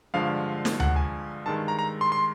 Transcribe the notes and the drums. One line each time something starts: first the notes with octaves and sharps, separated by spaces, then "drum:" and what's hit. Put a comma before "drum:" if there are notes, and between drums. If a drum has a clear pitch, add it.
G2 D3 F3 G#3 F5
drum: snare
F#5, drum: tom D2
G#5
G2 D#3 G#3 A5
A#5
A#5
C6
C6